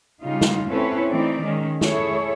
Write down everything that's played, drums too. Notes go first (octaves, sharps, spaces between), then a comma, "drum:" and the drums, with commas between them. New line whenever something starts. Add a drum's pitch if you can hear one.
C#3 G3 D#4 F4
drum: snare
C4 C#4 E4 A4 B4 C#5
E3 A3 C4 D#4 D5
D#3 G#3 C#4
E4 G#4 A4 C#5, drum: snare